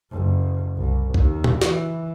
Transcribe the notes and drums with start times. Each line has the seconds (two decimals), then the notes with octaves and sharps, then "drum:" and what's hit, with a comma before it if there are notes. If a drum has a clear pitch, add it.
0.12 F#1
0.77 C2
1.14 D#2, drum: kick
1.44 drum: tom A#2
1.62 E3, drum: snare